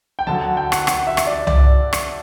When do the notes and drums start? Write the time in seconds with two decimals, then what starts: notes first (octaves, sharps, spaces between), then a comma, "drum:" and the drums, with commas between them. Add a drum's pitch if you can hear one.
0.19 G5
0.27 D2 D3 F#3 A5
0.42 F#5
0.57 G5
0.72 F#5, drum: rim click
0.87 F#5, drum: rim click
1.07 E5
1.17 drum: rim click
1.27 D5
1.47 D5, drum: tom C2
1.93 drum: rim click